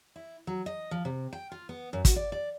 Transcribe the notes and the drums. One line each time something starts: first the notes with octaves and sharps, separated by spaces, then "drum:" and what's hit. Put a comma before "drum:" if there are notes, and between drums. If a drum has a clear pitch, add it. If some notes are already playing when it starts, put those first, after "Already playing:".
E4
F#3
D#5
F3
C3
G5
F4
B3
F#2
F#4, drum: kick, hi-hat
D5
D5